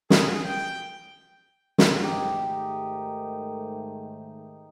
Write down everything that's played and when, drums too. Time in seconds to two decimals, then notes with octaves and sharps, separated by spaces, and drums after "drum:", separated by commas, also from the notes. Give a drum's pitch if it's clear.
0.10 G#4, drum: snare
0.44 G5
1.78 drum: snare
2.02 G#2 D#3 A3 D#4 G4